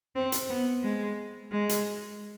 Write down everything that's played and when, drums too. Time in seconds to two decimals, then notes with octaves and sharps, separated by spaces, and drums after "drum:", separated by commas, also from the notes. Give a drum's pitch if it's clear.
0.15 C4
0.32 drum: hi-hat
0.49 B3
0.83 G#3
1.51 G#3
1.69 drum: hi-hat